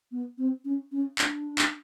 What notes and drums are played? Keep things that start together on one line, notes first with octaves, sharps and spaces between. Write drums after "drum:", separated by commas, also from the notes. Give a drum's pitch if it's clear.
B3
C4
C#4
C#4
D4, drum: clap
drum: clap